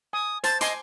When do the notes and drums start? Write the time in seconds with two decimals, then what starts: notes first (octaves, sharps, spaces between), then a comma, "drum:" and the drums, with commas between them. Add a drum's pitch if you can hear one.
0.13 G#5 D#6
0.44 C5 A5 A6, drum: hi-hat
0.61 D#5 G#5 C6 D6, drum: hi-hat